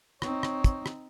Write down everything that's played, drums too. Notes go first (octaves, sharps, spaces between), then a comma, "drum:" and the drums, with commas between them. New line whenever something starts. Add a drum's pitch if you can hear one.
C4 D#4 C#5, drum: rim click
drum: rim click
drum: kick, hi-hat
drum: rim click